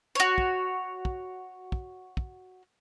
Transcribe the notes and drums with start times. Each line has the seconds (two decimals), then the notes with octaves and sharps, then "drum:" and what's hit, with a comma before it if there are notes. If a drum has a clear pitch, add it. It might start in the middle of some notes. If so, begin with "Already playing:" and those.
0.15 F#4 C#5
0.38 drum: kick
1.05 drum: kick
1.72 drum: kick
2.17 drum: kick